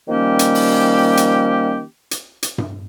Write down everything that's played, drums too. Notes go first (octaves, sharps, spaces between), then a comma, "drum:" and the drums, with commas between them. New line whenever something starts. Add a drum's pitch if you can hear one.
D#3 F3 G3 A#3 C#4 G4
drum: hi-hat
drum: open hi-hat
drum: hi-hat
drum: hi-hat
drum: hi-hat
drum: tom G2